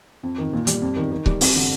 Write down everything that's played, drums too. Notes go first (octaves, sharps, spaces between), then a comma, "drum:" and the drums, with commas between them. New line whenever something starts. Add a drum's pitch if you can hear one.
F2
D#3
A#2
G3, drum: hi-hat
F2
D#3
D#3
G3, drum: kick C#1
F2, drum: open hi-hat
D3